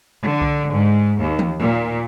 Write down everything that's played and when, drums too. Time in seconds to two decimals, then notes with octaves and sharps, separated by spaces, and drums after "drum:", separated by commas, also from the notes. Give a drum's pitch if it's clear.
0.24 D3
0.41 drum: kick B1
0.72 G#2
1.20 D#2
1.39 drum: tom E3
1.60 A#2